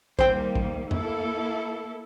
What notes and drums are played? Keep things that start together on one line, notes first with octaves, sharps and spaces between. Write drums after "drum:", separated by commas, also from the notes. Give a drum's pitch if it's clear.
D#3 G3 A#3 C5 G5, drum: kick
drum: kick
A#3 E4 A4, drum: tom F2